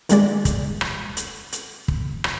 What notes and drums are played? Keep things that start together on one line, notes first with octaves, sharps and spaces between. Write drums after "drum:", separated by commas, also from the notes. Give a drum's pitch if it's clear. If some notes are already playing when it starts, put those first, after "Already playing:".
D#3 G3 G#3 D5, drum: hi-hat
drum: kick, hi-hat
drum: rim click
drum: hi-hat
drum: hi-hat
drum: kick
drum: rim click